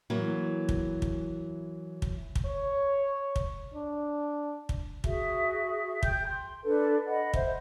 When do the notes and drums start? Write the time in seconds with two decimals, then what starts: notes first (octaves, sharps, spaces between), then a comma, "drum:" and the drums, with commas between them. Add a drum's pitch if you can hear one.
0.10 E3 F#3 A#3
0.69 drum: kick
1.02 drum: kick
2.02 drum: kick
2.35 drum: kick
2.46 C#5
3.36 drum: kick
3.74 D4
4.69 drum: kick
5.04 F#4 G#4 E5, drum: kick
6.03 G5 G6, drum: kick
6.27 C6
6.64 D4 A4 B4
7.07 D#5 F#5 B5
7.34 C5 E5, drum: kick